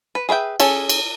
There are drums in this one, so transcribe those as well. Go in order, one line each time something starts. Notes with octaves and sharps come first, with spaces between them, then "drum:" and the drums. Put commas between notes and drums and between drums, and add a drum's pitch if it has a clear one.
B4
G#4 B4 E5 G5
C#4 G#4 A4, drum: cymbal
drum: cymbal